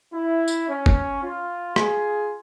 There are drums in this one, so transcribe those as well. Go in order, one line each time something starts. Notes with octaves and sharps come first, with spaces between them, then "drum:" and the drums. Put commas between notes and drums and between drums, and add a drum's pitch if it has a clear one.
E4
drum: tambourine
C#4
drum: kick G1
F4
F4 G#4, drum: rim click